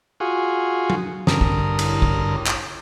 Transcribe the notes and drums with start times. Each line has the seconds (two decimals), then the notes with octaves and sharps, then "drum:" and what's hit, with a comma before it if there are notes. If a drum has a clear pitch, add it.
0.20 F4 F#4 G#4
0.90 drum: tom F#3
1.27 G2 D3 A#4 D#6, drum: snare
1.41 drum: kick
1.79 drum: cymbal
2.02 drum: kick
2.47 drum: clap